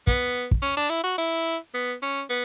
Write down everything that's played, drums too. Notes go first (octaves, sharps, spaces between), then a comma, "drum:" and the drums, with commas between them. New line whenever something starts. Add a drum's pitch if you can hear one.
B3, drum: kick
drum: kick
C#4
D4
E4
F#4
E4
B3
C#4
B3